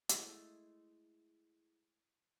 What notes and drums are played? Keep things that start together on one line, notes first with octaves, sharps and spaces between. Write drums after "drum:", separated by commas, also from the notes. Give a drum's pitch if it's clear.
G#3 A3 E4 G#4, drum: hi-hat